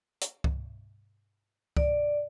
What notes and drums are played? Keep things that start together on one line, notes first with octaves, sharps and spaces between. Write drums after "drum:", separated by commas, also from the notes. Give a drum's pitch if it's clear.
drum: hi-hat
drum: kick C#2
D5, drum: kick C#2